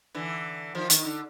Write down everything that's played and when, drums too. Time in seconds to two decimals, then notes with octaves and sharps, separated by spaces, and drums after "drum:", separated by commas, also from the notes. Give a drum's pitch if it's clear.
0.15 D3 E3
0.75 D#3 F3
0.90 D#3, drum: hi-hat
1.04 D3